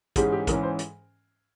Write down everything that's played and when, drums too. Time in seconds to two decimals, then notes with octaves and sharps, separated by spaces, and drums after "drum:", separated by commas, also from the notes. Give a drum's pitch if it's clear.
0.16 G#2 E3 G#3 C#4 G4, drum: kick, hi-hat
0.32 G4
0.47 G#2 E3 G#3 C#4 A#4, drum: kick, hi-hat
0.63 C5
0.79 drum: hi-hat